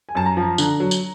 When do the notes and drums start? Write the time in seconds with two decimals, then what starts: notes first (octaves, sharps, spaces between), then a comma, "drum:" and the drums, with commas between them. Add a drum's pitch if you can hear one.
0.09 G#5
0.15 F#2 A5
0.26 A#5
0.37 F3
0.58 D3, drum: tambourine
0.80 F#3
0.91 drum: tambourine